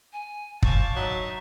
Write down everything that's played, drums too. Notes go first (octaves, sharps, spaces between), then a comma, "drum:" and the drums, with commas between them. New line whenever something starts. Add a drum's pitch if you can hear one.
G#5
D4 F4 C5 F5 A5 C#6, drum: kick
F#3 D#4 E5 D#6